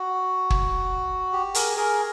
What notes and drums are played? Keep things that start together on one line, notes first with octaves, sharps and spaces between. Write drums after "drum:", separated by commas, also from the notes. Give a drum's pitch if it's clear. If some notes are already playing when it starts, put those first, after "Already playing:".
Already playing: F#4
drum: kick
G4
G#4 A#4, drum: hi-hat
G#4 A#4